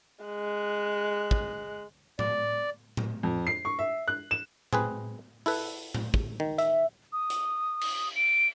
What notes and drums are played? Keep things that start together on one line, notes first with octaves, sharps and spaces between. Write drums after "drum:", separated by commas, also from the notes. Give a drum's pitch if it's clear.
G#3 F#6
drum: kick
D5, drum: tom A2
drum: tom A2
F2
C7
C#6
E5
F#6
E7
C4 G#4 B4, drum: tom A2
E4 A4 B4, drum: open hi-hat
drum: tom A2
drum: kick
D#3
E5, drum: hi-hat
D#6
drum: hi-hat
drum: cymbal
D7